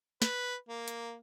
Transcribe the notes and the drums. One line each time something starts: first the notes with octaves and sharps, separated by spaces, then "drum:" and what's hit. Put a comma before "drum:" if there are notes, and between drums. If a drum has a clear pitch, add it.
B4, drum: snare
A#3
drum: hi-hat